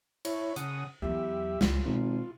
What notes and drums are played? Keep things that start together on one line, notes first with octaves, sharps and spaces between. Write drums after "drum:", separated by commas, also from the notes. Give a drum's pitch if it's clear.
E4 C#5, drum: cymbal
C#3 F#5 D#6, drum: hi-hat
E2 F#3 G4 E5
C#2 F4, drum: snare
G#1 B2